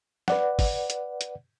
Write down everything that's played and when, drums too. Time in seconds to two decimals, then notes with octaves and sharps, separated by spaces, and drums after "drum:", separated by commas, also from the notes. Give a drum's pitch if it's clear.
0.28 B4 D5 F#5, drum: snare
0.59 drum: kick G#1, open hi-hat
0.90 drum: hi-hat
1.21 drum: hi-hat